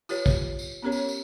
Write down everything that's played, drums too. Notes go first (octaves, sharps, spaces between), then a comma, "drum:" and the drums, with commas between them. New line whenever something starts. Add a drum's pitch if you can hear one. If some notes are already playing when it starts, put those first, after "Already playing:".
F4 G4 B4 C#5, drum: tambourine
drum: kick, tambourine
drum: tambourine
B3 C#4 G4 A#4 C#5
drum: tambourine
drum: tambourine